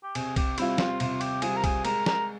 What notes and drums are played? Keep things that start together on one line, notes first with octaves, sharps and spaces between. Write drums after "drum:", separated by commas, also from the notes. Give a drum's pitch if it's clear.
G4
C3 G#4, drum: cymbal
G4, drum: kick B1, cymbal
G3 C4 E4 F4, drum: cymbal
F4, drum: snare
C3 F4, drum: cymbal
G4, drum: cymbal
G3 C4 F4 G#4, drum: cymbal
A#4
G#4, drum: kick B1, cymbal
G#3 A#4, drum: cymbal
A#4, drum: snare